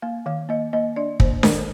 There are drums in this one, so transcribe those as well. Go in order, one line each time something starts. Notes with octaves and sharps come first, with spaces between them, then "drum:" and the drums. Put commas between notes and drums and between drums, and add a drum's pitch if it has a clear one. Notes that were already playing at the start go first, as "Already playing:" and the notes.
A#3 F5
D#3 F5
A#3 D#5
A#3 D#5
D4 D5
A#3 C5, drum: kick
D#3 A#4, drum: snare D4